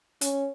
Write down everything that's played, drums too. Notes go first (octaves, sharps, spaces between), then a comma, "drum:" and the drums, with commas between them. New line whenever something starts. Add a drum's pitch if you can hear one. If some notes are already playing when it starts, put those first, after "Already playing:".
C#4, drum: hi-hat